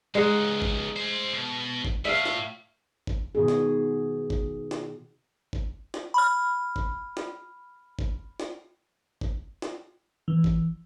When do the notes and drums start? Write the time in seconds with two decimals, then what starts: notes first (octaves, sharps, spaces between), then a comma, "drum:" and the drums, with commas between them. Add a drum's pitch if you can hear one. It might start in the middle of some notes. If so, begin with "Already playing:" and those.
0.15 C#2 G#3 D#4 F#5
0.62 drum: kick G1
0.96 C5 G#5
1.33 B2
1.85 drum: kick G1
2.05 A2 E5 F5
2.26 drum: snare
3.07 drum: kick G1
3.35 B2 D#3 B3 F#4 G#4
3.48 drum: snare
4.30 drum: kick G1
4.71 drum: snare
5.53 drum: kick G1
5.94 drum: snare
6.14 B5 F6
6.76 drum: kick G1
7.17 drum: snare
7.99 drum: kick G1
8.40 drum: snare
9.21 drum: kick G1
9.62 drum: snare
10.28 E3
10.44 drum: kick G1